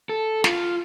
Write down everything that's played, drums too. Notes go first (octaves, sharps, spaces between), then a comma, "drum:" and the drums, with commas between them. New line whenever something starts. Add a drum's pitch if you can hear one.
A4
F4, drum: snare